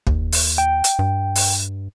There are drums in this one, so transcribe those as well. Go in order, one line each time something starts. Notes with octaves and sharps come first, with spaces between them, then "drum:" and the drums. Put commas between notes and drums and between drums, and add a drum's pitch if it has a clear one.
D#2, drum: kick
drum: open hi-hat
G5
drum: hi-hat
G2
drum: open hi-hat